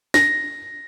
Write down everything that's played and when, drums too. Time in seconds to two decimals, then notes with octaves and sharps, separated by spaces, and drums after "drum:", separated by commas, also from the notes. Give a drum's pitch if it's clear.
0.14 A#6, drum: snare